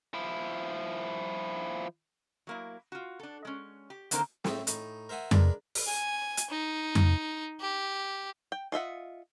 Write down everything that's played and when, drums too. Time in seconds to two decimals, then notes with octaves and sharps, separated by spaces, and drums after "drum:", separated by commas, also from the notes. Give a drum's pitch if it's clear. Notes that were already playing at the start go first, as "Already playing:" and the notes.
0.14 F3 E4
2.47 F#3 A#3 E4
2.92 F4 F#4
3.20 D4 A4
3.45 G#3 C#4
3.90 G4
4.11 D3 D#3 A#3 C4 A#4 C5, drum: hi-hat
4.44 A2 C4 E5, drum: snare
4.67 A2 D#4, drum: hi-hat
5.09 A#4 C5 E5 F#5 G#5
5.31 G#3 D4 A#4 B4 D5, drum: tom F2
5.75 drum: open hi-hat
5.87 G#5
6.37 drum: hi-hat
6.50 D#4
6.95 drum: tom F2
7.60 G4
8.52 G5
8.72 F4 D#5 E5 F#5